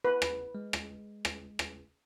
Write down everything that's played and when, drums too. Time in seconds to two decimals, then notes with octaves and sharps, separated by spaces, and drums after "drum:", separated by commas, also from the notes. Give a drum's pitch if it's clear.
0.04 B4
0.22 drum: rim click
0.55 G#3
0.73 drum: rim click
1.25 drum: rim click
1.59 drum: rim click